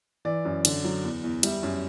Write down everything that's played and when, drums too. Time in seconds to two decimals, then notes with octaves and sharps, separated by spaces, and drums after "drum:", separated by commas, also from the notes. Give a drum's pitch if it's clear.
0.25 E3 D5
0.45 F#2
0.65 D3, drum: cymbal
0.84 F#3
1.03 E2
1.24 E2
1.43 G3 E5, drum: cymbal
1.63 F#2